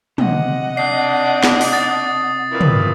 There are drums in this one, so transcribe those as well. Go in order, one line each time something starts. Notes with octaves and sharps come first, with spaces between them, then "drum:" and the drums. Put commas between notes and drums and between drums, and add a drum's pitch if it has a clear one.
C3 D#5 F#5, drum: tom
D4 D#4 D5 C7
drum: snare
drum: open hi-hat
D#6 A6
F2 A#2 E4 B4
drum: tom